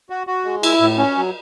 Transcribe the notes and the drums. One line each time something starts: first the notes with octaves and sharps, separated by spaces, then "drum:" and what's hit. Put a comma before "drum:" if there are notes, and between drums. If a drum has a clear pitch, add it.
F#4
F#4
G#3
E4, drum: cymbal
A2
C#4
F#3